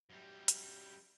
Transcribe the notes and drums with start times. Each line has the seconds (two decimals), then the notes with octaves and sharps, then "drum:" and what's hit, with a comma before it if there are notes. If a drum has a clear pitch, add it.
0.10 F#2 G3
0.48 drum: hi-hat